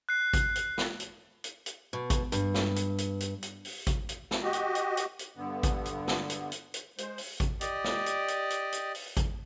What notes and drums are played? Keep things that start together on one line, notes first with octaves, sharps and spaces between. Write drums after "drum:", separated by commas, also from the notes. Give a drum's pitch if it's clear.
F#6 C7
drum: kick G#1, hi-hat
drum: hi-hat
drum: snare
drum: hi-hat
drum: hi-hat
drum: hi-hat
B2
drum: kick G#1, hi-hat
G2, drum: hi-hat
drum: snare
drum: hi-hat
drum: hi-hat
drum: hi-hat
drum: hi-hat
drum: open hi-hat
drum: kick G#1, hi-hat
drum: hi-hat
drum: snare
F#4 G4 D#5
drum: hi-hat
drum: hi-hat
drum: hi-hat
drum: hi-hat
G2 D3 B3
drum: kick G#1, hi-hat
drum: hi-hat
drum: snare
drum: hi-hat
drum: hi-hat
drum: hi-hat
G#3 C5, drum: hi-hat
drum: open hi-hat
drum: kick G#1, hi-hat
G4 D5 D#5, drum: hi-hat
drum: snare
drum: hi-hat
drum: hi-hat
drum: hi-hat
drum: hi-hat
drum: open hi-hat
drum: kick G#1, hi-hat